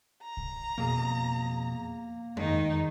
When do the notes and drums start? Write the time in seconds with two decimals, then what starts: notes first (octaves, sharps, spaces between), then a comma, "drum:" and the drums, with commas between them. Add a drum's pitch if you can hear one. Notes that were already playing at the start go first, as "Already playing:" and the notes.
0.23 A#5
0.37 drum: kick
0.78 F2 B2 A#3 G#4
2.37 D#3 G#3 D#4, drum: tom F2